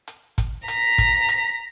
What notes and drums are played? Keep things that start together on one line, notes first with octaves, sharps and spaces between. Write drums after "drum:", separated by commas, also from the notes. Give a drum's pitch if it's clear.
drum: hi-hat
drum: kick, hi-hat
A#5 B6, drum: hi-hat
drum: kick, hi-hat
drum: hi-hat